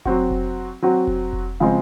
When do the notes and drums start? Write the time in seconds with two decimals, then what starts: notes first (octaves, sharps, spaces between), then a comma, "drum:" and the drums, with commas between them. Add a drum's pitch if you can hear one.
0.05 F#3 C4 F#4, drum: kick F1
0.31 drum: kick F1
0.82 F#3 C4 F#4
1.07 drum: kick F1
1.33 drum: kick F1
1.60 C#3 F3 G#3 C4